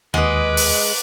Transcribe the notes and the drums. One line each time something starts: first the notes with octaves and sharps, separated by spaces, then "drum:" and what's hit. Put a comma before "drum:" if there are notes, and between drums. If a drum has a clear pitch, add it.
D#2 G#3 B4 D#5 F#5 D6
drum: open hi-hat